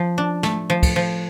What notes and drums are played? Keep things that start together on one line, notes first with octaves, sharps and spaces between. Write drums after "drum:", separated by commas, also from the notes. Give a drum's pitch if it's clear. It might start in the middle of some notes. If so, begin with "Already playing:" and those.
Already playing: F3
D4
A3, drum: snare
F3
drum: kick, cymbal
F3